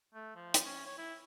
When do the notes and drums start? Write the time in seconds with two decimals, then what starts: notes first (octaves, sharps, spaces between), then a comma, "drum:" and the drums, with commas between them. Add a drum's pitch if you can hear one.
0.14 A3
0.35 F3
0.54 drum: hi-hat
0.65 C#4
0.86 C#5
0.98 E4